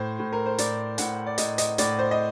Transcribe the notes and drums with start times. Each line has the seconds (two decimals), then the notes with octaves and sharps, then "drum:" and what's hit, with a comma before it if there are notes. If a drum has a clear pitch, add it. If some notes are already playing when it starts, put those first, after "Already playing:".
Already playing: A2 C5
0.19 A2
0.33 A#4
0.46 C5
0.58 A2 D5, drum: hi-hat
0.98 A2 F#5, drum: hi-hat
1.26 D5
1.38 A2 D#5, drum: hi-hat
1.58 D#5, drum: hi-hat
1.78 A2 D5, drum: hi-hat
1.99 C5
2.11 D#5